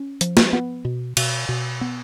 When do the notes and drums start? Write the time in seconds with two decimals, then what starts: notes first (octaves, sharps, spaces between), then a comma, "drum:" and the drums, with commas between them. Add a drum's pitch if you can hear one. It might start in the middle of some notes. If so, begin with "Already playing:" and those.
Already playing: C#4
0.21 F3, drum: hi-hat
0.37 drum: snare
0.53 B3
0.85 B2
1.17 B2, drum: cymbal
1.49 B2
1.81 B3